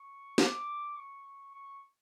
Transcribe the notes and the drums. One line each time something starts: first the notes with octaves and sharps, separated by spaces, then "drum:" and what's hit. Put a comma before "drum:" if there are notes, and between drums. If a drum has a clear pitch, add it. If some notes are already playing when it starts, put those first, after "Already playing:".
Already playing: C#6
D6, drum: snare
C#6
C#6